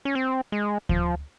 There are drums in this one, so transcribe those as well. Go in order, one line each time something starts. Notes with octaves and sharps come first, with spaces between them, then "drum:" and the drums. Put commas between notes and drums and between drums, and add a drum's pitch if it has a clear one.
C#4
C4
G#3
F3, drum: kick D2